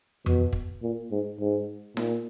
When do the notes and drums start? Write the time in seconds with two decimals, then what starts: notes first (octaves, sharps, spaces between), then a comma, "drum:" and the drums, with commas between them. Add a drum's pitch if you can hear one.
0.26 B2, drum: tom F2
0.53 drum: kick
0.83 A#2
1.11 G#2
1.40 G#2
1.97 A#2, drum: snare D#4